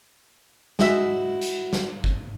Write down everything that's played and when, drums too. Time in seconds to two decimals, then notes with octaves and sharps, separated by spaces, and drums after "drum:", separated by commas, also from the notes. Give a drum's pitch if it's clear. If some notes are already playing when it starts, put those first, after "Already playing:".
0.79 G#3 E4 F#4 E5, drum: snare
1.41 drum: hi-hat
1.73 drum: snare
2.04 drum: kick